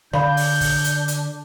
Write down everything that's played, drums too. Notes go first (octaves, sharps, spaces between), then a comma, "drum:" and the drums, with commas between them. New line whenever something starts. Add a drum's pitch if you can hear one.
D3 D4 D5 F5 B5 G6, drum: rim click
drum: open hi-hat
drum: kick, open hi-hat
drum: hi-hat
drum: hi-hat